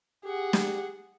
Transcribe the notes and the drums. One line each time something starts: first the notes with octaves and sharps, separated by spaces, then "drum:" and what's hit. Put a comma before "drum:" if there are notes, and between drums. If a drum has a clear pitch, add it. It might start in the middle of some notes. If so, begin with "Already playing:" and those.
G4 G#4 F#5
drum: snare